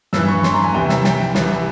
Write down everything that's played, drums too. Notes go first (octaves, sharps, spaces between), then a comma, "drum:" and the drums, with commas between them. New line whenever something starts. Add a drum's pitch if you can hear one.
G2 E3 E6, drum: snare
C#6
C6, drum: snare
A#5
G#5
C2 C3 E3 G5
E5, drum: snare
G5, drum: snare
C2 C3 E3, drum: snare